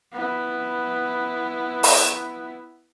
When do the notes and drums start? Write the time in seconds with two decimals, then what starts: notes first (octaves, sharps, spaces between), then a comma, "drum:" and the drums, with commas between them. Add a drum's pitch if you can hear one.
0.13 B3 E4
1.83 drum: open hi-hat